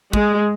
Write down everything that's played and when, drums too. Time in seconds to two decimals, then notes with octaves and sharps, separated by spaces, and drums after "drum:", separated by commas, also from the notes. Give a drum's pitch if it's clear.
0.13 G#3, drum: kick